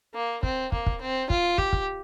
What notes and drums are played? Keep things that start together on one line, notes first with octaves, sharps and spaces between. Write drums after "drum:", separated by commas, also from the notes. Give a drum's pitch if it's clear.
A#3
C4, drum: kick
A#3, drum: kick
drum: kick
C4
F4, drum: kick
G4, drum: kick
drum: kick